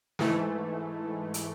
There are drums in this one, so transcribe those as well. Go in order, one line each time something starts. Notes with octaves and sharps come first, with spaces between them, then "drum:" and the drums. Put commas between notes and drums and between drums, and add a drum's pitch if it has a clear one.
G#2 E3 A3, drum: snare
drum: hi-hat